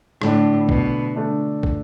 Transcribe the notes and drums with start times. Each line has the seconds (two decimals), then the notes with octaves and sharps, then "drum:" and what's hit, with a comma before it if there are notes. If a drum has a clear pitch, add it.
0.21 A2 D3 A3 D4, drum: rim click
0.69 B2, drum: kick
1.16 D3 A3 D4
1.63 drum: kick